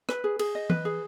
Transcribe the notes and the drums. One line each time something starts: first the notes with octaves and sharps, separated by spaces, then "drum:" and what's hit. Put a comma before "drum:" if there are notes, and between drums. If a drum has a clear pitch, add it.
B4, drum: rim click
G#4
G#4, drum: cymbal
D#5
B4, drum: tom E3
G#4